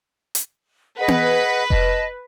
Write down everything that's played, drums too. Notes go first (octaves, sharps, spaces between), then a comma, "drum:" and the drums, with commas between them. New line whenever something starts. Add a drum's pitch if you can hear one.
drum: hi-hat
G#4 B4 D#5 F#5
drum: tom B3
D#5 A5, drum: kick F1